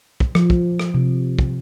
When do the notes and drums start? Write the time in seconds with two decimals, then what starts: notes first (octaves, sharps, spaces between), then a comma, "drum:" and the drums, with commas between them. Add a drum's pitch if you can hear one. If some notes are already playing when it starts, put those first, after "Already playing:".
0.20 drum: kick
0.35 F3, drum: rim click
0.50 drum: kick
0.79 drum: rim click
0.94 C3
1.39 drum: kick